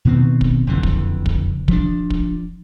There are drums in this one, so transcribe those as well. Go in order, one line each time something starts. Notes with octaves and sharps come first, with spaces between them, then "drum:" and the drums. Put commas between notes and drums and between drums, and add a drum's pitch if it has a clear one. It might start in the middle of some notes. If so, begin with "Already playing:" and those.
B2 D#3 B3 C4
drum: kick
F#1 F2 D3 E3
drum: kick
drum: kick
F3 D4, drum: kick
drum: kick